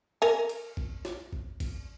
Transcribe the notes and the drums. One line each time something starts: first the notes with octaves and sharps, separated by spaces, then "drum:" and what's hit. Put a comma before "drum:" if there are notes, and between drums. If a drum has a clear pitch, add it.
A#4 G#5
drum: cymbal
drum: kick
drum: snare
drum: kick
drum: kick, cymbal